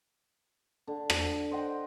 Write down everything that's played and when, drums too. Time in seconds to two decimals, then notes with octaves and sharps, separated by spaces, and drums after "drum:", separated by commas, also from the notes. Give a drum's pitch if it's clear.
0.87 D3
1.10 drum: rim click
1.51 C5 D#5 F#5 G5